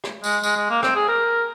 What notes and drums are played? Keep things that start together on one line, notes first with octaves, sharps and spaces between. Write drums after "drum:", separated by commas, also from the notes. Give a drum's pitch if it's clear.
drum: rim click
G#3, drum: tambourine
G#3, drum: tambourine
G#3
A#3
C4, drum: rim click
G#4
A#4